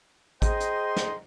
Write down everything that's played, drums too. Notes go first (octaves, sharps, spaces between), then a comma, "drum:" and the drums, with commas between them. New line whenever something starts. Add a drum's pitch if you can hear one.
G#4 C5 D#5 G5 A#5 C6, drum: kick A1, hi-hat
drum: hi-hat
drum: snare